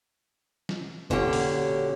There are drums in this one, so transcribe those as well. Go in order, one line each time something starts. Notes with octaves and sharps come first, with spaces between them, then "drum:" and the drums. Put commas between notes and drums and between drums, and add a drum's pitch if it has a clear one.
drum: snare
A#2 D3 F#3 C#4 F#4 G4, drum: kick
drum: open hi-hat